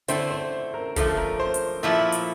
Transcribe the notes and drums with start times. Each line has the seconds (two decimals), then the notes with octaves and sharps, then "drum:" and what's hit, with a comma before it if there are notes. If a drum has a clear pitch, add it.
0.08 D3 A3 C4 E4 C5, drum: hi-hat
0.31 C5
0.74 A#4
0.96 D3 F3 A3 A4, drum: kick, hi-hat
1.17 A#4
1.40 C5
1.54 drum: hi-hat
1.83 A#2 F3 A3 E4 E5
2.12 drum: hi-hat